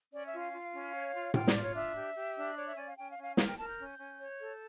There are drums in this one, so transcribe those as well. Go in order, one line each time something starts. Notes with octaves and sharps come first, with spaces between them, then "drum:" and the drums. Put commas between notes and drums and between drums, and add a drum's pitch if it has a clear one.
C#4 D5
E5
F4
F5
F4
C#4
C#5
F4
F4 G5, drum: tom A2
D5, drum: snare
F4
C#5
D4 E5
G4
G4
D4
C#5 D5
E5
C#4 D5
F5
C#4 G5
F5
C#4
F5
A#4 F5, drum: snare
G5
A#4 A5
G6
C#4
C#4
C#5
A4